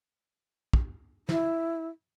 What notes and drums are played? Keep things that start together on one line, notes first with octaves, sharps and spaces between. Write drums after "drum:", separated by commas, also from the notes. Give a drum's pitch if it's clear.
drum: kick
E4, drum: snare